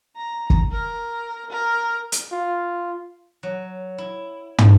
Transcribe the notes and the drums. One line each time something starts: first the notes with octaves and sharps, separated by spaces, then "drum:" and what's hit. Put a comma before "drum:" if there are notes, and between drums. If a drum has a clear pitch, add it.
A#5
drum: kick
A#4
A#4
drum: hi-hat
F4
F#3
E4
A4, drum: tom